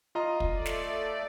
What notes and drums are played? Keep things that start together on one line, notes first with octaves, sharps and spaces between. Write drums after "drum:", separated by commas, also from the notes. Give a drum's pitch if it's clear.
F4 D#5 A#5
drum: kick
A3 D5
drum: snare